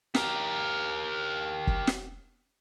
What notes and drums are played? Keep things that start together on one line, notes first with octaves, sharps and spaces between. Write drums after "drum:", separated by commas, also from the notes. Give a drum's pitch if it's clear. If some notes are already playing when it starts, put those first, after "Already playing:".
G4 A#4, drum: snare
drum: kick
drum: snare